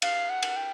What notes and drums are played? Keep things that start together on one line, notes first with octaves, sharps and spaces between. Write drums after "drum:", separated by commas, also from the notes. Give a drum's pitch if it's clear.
F5, drum: cymbal
F#5
drum: cymbal
G5